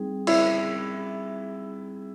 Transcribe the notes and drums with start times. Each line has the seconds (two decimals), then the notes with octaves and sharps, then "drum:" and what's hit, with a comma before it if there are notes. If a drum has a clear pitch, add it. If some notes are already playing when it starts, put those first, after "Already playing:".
Already playing: G3 C4 D#4 G#4
0.27 E4, drum: cymbal